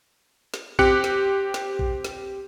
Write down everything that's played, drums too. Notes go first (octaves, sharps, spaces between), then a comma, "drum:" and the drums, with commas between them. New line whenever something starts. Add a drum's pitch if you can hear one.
drum: snare
C4 G4 F#6 C#7, drum: kick
drum: snare
drum: snare
drum: kick
drum: snare